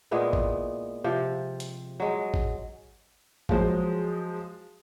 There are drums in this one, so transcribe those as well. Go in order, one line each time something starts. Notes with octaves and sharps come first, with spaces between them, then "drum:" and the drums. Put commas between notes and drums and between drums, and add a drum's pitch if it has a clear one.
A#2 G#3 B3 E4
drum: kick
C3 F3
drum: hi-hat
F#3 G#3
drum: kick
F3 F#3 G#3 C5, drum: kick